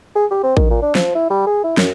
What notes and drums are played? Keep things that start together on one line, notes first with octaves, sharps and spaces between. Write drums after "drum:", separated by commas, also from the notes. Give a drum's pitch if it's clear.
G#4
G4
C4
D#3, drum: kick
A#2
D4
F3, drum: snare
E4
G3
G#4
E4
F#2, drum: snare